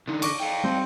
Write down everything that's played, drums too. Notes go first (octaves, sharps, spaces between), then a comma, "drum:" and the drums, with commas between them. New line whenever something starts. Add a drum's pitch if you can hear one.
D3 D#4
C#6 D6 A#6, drum: cymbal
F5 G5
G3 C4